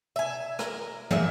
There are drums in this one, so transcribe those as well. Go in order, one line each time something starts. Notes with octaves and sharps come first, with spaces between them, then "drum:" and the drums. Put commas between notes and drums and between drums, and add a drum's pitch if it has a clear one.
E5 G#5
A#4, drum: rim click
A#2 G#4 E5, drum: tom